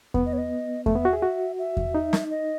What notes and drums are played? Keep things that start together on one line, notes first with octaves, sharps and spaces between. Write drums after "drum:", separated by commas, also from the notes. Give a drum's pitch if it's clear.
B3, drum: kick E2
D#5
C#5
D#5
A3 E5, drum: kick E2
B3
F#4
G#4
F#4
E5
drum: kick E2
D#4
drum: snare
D#5